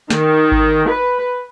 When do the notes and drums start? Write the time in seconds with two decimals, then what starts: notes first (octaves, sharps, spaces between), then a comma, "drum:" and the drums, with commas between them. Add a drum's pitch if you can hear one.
0.10 D#3, drum: snare
0.52 drum: kick G#1
0.89 B4